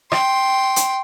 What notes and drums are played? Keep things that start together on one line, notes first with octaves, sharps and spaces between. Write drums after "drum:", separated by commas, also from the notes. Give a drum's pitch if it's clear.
G5 C6, drum: rim click
drum: hi-hat